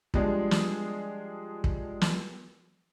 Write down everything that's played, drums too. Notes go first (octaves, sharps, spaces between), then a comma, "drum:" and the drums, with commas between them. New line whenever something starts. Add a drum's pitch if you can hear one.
F3 G3 G#3 D4 G#4, drum: kick
drum: snare
drum: kick
drum: snare